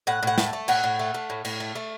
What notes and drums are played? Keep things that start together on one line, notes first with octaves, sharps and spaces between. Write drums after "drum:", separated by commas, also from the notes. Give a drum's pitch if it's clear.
A2 F#5
A2 F#5
A3 A5, drum: snare
A3
A2 F#5, drum: cymbal
A2
A3
A3
A2
A2, drum: cymbal
A3
A3